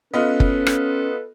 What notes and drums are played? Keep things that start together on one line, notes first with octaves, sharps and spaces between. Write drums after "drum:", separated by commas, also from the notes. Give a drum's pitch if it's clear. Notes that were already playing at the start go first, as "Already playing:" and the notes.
B3 C#4 F4 A4 B4 D#5
drum: kick
drum: rim click